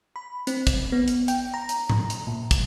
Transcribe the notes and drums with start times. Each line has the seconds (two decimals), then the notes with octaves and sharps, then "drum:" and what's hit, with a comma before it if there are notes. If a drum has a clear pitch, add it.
0.16 B5
0.47 C4, drum: hi-hat
0.67 drum: kick, hi-hat
0.92 B3
1.08 drum: hi-hat
1.28 G5, drum: hi-hat
1.54 A#5
1.69 drum: hi-hat
1.90 drum: tom G#2
2.10 drum: hi-hat
2.27 A#2
2.51 drum: kick, hi-hat